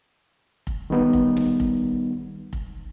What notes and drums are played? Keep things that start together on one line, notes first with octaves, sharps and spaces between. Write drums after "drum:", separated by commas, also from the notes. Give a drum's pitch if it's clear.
drum: kick F1
D#3 G3 B3 D#4
drum: kick F1
drum: snare
drum: kick F1
drum: kick F1